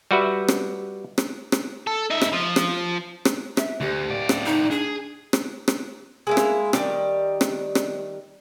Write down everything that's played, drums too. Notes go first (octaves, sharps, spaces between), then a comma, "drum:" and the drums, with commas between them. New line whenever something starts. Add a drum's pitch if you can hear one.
G3 F#4 B4 E5
drum: rim click
drum: rim click
drum: rim click
A4
D#4 E5
drum: rim click
F3
drum: rim click
drum: rim click
E5, drum: rim click
D2 G4
A2 D5
drum: rim click
D#4
D4 G#4
drum: rim click
drum: rim click
G#3 A#3 E4
drum: rim click
D#3 G3, drum: rim click
drum: rim click
drum: rim click